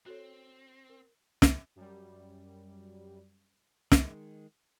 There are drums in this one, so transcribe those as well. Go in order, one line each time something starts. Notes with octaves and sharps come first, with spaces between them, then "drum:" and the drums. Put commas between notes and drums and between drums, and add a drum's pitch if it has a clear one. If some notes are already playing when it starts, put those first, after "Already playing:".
C4 F#4 A4 C#5
A#4
drum: snare
F#2 G3
D#3 G#3, drum: snare